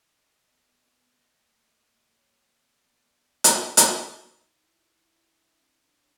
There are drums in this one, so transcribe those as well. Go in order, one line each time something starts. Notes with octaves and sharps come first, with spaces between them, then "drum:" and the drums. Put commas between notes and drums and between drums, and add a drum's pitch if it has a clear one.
C#4 D#5
B3
B3
C4
B3
A#3 D#5
A3
A#3
A3 D#5
A#3
A3
A#3 C#5
C#4
C4
C4 D5
B3
B3
drum: hi-hat
drum: hi-hat
D#4 D#5
D#4
E4 E5
F4
F4
E4
F4
E4 E5
D4
C4
C#4
D4
C#4